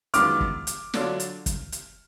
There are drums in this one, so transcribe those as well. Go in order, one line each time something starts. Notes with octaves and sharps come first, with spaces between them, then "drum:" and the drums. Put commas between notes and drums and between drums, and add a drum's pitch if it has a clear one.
F#2 D#3 G#3 B3 F4 D6 F6, drum: hi-hat
drum: kick F#1
drum: hi-hat
D3 F#3 D4 F4, drum: snare
drum: hi-hat
drum: kick F#1, hi-hat
drum: hi-hat